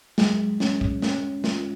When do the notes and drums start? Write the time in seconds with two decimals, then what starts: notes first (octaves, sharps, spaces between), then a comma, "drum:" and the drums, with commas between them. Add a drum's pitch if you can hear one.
0.18 F#3 G#3, drum: snare
0.60 C#4, drum: snare
0.81 drum: kick
1.02 C#4, drum: snare
1.44 F4, drum: snare